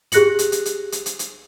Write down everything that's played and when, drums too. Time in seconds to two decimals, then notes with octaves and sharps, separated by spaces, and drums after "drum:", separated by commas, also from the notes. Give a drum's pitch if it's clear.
0.12 G4 G#4 F#6 A#6 C#7 F#7, drum: hi-hat
0.39 drum: hi-hat
0.52 drum: hi-hat
0.65 drum: hi-hat
0.92 drum: hi-hat
1.06 drum: hi-hat
1.19 drum: hi-hat